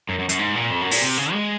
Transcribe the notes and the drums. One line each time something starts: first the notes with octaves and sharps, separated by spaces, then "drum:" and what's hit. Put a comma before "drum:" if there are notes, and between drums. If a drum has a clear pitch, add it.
F#2
F#2
F#2, drum: hi-hat
G#2
A#2
F2
F#2
A#2, drum: open hi-hat
C3
C#3
G#3